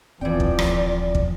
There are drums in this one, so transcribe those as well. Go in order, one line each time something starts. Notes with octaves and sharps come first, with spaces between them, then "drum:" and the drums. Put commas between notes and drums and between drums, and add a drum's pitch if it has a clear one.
D#1 E3 F3 C4 D5 G5
drum: kick
drum: rim click
drum: kick